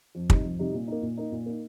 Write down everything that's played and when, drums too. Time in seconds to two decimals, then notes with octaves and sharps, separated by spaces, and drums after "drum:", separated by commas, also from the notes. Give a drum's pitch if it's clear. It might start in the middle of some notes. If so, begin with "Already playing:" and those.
0.15 F2
0.30 C3 G3 D#4, drum: kick
0.45 F2
0.59 C3 G3 D#4
0.73 A#2
0.88 A#3 D#4
1.02 A#2
1.17 A#3 D#4
1.32 A#2
1.46 A#3 D#4